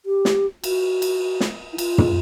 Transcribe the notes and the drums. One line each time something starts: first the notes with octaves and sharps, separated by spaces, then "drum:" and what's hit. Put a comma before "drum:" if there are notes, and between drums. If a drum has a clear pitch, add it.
G4
drum: snare
F#4, drum: cymbal
drum: cymbal
drum: snare
E4
F4, drum: cymbal
drum: tom